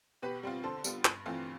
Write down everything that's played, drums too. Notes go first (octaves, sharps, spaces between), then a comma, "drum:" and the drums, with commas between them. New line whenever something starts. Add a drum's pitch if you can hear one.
B2 G4 B4
G3 C4 F4
D3 A4 C5
G3 B3 F4, drum: tambourine
G2, drum: clap
E3 A3 C4 F4